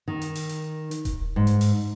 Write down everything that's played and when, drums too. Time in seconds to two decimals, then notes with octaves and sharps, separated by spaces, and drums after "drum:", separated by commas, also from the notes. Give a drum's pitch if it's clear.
0.08 D#3
0.22 drum: hi-hat
0.35 drum: open hi-hat
0.49 drum: hi-hat
0.91 drum: hi-hat
1.05 drum: kick D#1, hi-hat
1.36 G#2
1.47 drum: hi-hat
1.61 drum: open hi-hat